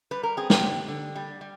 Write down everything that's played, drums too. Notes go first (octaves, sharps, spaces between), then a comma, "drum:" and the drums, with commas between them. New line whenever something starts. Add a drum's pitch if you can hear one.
G3 B4
A#4
C4 G#4
G4, drum: snare
D3
D3
G3
G3